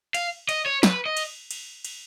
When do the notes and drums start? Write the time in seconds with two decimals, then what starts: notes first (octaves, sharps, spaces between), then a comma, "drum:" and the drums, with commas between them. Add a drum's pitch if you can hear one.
0.15 F5, drum: cymbal
0.49 D#5, drum: cymbal
0.66 C#5
0.83 B4, drum: snare
1.06 D#5
1.17 drum: cymbal
1.51 drum: cymbal
1.84 drum: cymbal